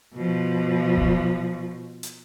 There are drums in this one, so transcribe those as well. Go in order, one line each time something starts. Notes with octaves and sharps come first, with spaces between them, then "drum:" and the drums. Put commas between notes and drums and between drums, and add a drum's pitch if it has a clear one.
B2 F3
drum: kick D#1
drum: hi-hat